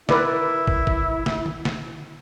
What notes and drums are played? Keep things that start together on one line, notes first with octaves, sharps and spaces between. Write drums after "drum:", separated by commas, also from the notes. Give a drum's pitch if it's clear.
E4 A#4 B4 D5, drum: snare
drum: kick
drum: kick
drum: snare
drum: tom D3
drum: snare